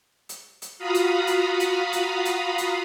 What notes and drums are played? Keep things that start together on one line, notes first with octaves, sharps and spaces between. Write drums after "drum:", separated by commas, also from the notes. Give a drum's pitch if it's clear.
drum: hi-hat
drum: hi-hat
F4 F#4 F5 A#5 B5 D#6
drum: hi-hat
drum: hi-hat
drum: hi-hat
drum: hi-hat
drum: hi-hat
drum: hi-hat